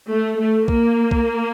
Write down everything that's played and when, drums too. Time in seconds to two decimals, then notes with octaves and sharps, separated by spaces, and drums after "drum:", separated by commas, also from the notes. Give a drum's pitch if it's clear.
0.09 A3
0.38 A3
0.68 A#3, drum: kick
1.11 drum: kick